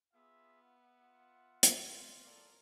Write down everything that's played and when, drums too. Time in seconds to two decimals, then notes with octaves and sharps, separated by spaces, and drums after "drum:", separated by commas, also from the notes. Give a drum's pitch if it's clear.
0.14 B3 F4 G#4 E5
0.62 E5 F#5
0.98 F4
1.63 drum: hi-hat
1.85 F4
2.24 A4 A#4 D5